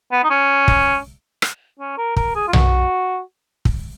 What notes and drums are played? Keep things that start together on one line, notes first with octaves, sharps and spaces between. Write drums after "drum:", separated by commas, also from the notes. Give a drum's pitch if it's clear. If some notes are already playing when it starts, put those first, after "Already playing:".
B3
D#4
C#4
drum: kick
drum: rim click
C#4
A#4
A#4, drum: kick
G#4
F4
F#4, drum: tom B1
drum: kick